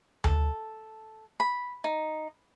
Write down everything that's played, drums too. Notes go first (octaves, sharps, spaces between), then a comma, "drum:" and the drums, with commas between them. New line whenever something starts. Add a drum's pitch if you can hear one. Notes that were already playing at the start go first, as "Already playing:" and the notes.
A4, drum: tom D2
B5
D#4